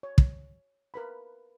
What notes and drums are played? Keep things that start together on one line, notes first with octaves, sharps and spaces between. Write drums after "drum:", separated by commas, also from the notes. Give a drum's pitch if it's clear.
C#5
drum: kick
A#4 B4 B5